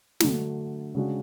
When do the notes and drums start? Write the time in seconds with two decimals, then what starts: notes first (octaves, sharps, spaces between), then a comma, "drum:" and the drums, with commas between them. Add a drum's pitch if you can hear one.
0.20 D3 F#3 A3 D4, drum: snare
0.94 C#3 G#3 D4 F#4